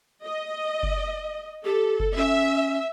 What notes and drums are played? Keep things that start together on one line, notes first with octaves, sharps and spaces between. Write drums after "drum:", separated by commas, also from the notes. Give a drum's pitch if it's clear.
D#5
drum: kick F#1
G4 A4
drum: kick F#1
C#4 E5